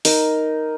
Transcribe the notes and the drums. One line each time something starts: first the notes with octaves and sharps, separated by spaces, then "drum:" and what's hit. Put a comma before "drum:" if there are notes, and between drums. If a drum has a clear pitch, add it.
D#4 A#4 D#5, drum: open hi-hat